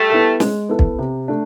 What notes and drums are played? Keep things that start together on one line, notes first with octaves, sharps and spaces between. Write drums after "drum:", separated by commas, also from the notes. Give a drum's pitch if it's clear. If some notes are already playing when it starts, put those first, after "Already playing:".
Already playing: G3 A3
B3 E4 A4
G#3, drum: snare
B3 E4 A4
drum: kick
C3
A3 D4